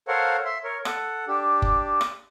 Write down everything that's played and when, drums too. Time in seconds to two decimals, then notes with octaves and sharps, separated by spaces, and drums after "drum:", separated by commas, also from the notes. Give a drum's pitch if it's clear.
0.08 A4 A#4 C5 C#5 F5 F#5
0.45 E5 C6
0.64 A#4 C#5
0.85 A4 F#5, drum: rim click
1.28 D4 G4
1.62 drum: kick F#1
2.01 drum: rim click